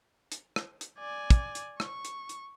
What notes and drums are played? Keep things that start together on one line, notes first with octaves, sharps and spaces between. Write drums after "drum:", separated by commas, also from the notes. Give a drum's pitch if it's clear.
drum: hi-hat
drum: rim click
drum: hi-hat
D5 G#5
drum: kick, hi-hat
drum: hi-hat
C#6, drum: rim click
drum: hi-hat
drum: hi-hat